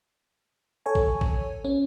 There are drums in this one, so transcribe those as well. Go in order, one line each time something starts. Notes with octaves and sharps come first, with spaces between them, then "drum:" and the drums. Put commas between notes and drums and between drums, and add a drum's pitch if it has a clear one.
A4 C#5 G#5
drum: kick
drum: kick
C#4